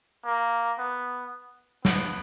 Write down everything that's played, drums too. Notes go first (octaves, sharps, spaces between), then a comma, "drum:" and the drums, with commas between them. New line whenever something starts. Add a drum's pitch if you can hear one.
A#3
B3
B3, drum: snare